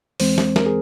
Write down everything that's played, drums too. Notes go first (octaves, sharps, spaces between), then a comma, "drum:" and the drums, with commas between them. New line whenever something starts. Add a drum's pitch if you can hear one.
E2 E3 G#3 C4 C5, drum: open hi-hat
drum: snare
A#4, drum: snare
G#4